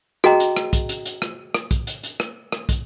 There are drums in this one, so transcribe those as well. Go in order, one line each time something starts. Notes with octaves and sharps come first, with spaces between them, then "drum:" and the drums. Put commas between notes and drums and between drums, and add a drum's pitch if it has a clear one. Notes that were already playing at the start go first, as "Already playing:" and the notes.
F#4 G#4 D#5 G5 A#5, drum: rim click
drum: hi-hat
drum: rim click
drum: kick, hi-hat
drum: hi-hat
drum: hi-hat
drum: rim click
drum: rim click
drum: kick, hi-hat
drum: hi-hat
drum: hi-hat
drum: rim click
drum: rim click
drum: kick, hi-hat